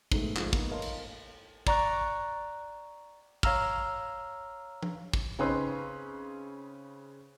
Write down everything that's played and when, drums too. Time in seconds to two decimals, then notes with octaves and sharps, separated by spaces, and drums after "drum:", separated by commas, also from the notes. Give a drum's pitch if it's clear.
0.12 G#2 B2 D#3 G#3 A3, drum: kick
0.37 F3 G#3 A3, drum: clap
0.53 A#3 B3 D#4, drum: kick
0.71 A#4 C#5 D#5 F5 A5 C6
0.82 drum: cymbal
1.67 D5 A#5 C#6 F#6, drum: kick
3.43 C#5 F5 A#5 E6 F6, drum: kick
4.83 drum: tom F3
5.13 drum: kick
5.39 C#3 C4 C#4 D#4 B4 C6